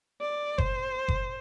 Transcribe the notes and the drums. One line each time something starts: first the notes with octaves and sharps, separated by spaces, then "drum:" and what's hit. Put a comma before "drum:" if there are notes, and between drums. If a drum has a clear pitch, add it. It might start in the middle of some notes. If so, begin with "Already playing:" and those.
D5
C5, drum: kick F#1
drum: kick F#1